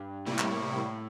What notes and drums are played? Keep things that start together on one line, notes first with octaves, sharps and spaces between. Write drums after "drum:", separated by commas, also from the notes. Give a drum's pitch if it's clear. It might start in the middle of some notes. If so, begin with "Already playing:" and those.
Already playing: G2
A2 C3 G3 A#3 E4
drum: clap